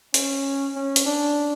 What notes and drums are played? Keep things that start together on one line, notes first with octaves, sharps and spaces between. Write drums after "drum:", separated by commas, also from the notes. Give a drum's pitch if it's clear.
C#4, drum: hi-hat
C#4
drum: hi-hat
D4